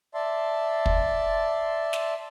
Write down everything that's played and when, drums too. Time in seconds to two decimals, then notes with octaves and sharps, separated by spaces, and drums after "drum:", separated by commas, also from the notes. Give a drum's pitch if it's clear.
0.14 D5 E5 A5 C6
0.86 drum: kick
1.93 drum: snare